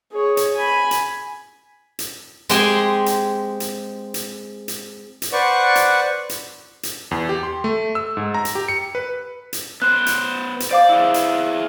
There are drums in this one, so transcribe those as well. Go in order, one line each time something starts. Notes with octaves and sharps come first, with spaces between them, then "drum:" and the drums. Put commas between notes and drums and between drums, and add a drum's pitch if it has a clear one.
G#4 C#5
drum: hi-hat
G#5 B5
drum: hi-hat
drum: hi-hat
G#3 C4 G4 G5 G#5 C6, drum: hi-hat
drum: hi-hat
drum: hi-hat
drum: hi-hat
drum: hi-hat
drum: hi-hat
B4 C5 D5 F#5 C#6
drum: hi-hat
drum: hi-hat
drum: hi-hat
E2
G4
C6
A3
E6
G#2
A#5
drum: hi-hat
G4
C#7
B4
drum: hi-hat
B3 C5 F#6
drum: hi-hat
drum: hi-hat
C5 D5 F5 D6
E4 G#4
drum: hi-hat